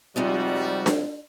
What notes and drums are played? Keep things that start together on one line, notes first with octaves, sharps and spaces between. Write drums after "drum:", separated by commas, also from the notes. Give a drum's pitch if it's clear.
F2 C3 G3 G#3 D#4 F#4
drum: snare D4